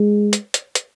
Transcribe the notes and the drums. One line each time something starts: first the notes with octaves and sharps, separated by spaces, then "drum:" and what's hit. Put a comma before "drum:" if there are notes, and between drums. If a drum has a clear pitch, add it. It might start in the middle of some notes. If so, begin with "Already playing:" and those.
Already playing: G#3
drum: hi-hat
drum: hi-hat
drum: hi-hat